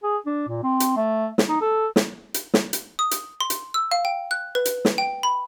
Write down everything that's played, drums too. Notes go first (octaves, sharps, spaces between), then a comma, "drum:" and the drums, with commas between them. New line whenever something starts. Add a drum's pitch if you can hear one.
G#4
D4
A#2
C4
drum: hi-hat
A3
drum: snare
D#4
A4
drum: snare
drum: hi-hat
drum: snare
drum: hi-hat
D#6
drum: hi-hat
C6
drum: hi-hat
E6
F5
G5
F#6
B4
drum: hi-hat
drum: snare
G5
B5